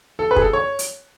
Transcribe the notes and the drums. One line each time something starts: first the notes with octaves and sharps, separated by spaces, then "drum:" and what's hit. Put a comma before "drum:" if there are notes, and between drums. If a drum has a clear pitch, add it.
A4
B4
G#4, drum: kick
A4
C#5
drum: hi-hat